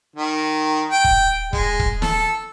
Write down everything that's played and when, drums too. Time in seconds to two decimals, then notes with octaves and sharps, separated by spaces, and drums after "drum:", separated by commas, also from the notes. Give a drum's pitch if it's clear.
0.16 D#3
0.91 G5
1.04 drum: kick
1.53 G#3, drum: kick
1.79 drum: kick
2.02 A4, drum: snare